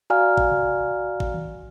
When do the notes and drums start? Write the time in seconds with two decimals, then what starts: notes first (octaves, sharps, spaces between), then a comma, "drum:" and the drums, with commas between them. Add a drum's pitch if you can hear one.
0.10 F#4 D5 F5 G#5 A#5 F6
0.37 drum: kick A1
0.51 drum: tom C3
1.20 drum: kick A1
1.34 drum: tom D#3